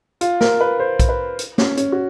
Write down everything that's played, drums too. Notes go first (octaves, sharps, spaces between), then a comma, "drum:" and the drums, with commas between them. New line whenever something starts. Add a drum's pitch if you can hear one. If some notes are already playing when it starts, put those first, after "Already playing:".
F4, drum: hi-hat
A#4, drum: snare
B4
C5
drum: kick B1, hi-hat
B4
drum: hi-hat
C#4, drum: snare
C#4, drum: hi-hat
F#4